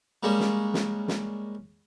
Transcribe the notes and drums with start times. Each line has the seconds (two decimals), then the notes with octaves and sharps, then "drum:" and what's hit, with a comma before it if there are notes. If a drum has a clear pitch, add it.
0.23 G3 G#3 A#3 C#4
0.40 drum: snare
0.74 drum: snare
1.08 drum: snare